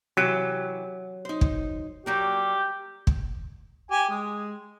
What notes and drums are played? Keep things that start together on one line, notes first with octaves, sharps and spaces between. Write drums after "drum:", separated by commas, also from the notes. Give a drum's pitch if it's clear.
C3 E3 F#3 G4
D#4 C5
drum: kick
F#3 G3 A#3 G4
drum: kick
G4 G#5
G#3